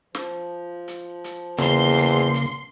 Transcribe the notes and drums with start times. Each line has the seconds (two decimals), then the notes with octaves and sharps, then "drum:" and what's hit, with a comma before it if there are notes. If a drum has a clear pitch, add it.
0.15 F3, drum: snare
0.88 drum: hi-hat
1.24 drum: hi-hat
1.58 E2 C#3 A#3 C6, drum: snare
1.97 drum: hi-hat
2.34 drum: hi-hat